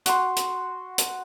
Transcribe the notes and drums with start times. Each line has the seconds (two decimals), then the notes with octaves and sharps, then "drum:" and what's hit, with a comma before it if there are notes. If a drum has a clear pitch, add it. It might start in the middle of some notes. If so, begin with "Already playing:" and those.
0.06 F#4 C6, drum: hi-hat
0.36 drum: hi-hat
0.98 drum: hi-hat